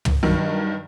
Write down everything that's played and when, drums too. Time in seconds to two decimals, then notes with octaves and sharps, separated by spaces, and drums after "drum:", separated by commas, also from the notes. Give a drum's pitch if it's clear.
0.05 drum: tom
0.23 G2 D#3 F#3